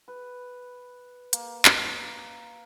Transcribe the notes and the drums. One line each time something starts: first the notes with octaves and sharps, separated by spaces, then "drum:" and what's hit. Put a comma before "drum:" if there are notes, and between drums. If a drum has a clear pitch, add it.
B4
A#3, drum: hi-hat
drum: clap